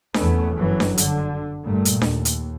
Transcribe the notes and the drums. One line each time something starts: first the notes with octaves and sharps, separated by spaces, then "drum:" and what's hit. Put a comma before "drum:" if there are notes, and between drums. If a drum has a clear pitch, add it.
E2 A3 B3 C#4, drum: snare D4
G1 F#2 E3 F#3
drum: snare D4
D3, drum: hi-hat
G2 A#2 A3
drum: hi-hat
D#2, drum: snare D4
drum: hi-hat